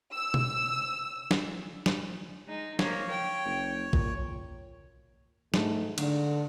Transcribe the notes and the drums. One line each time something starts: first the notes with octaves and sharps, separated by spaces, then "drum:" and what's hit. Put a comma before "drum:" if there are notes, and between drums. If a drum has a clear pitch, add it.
E6
drum: tom B2
drum: snare
drum: snare
G#3 D#4
F3 A#3 C#5, drum: snare
G5
F#1
A#2, drum: kick A1
G#2 A3, drum: snare
D3, drum: cymbal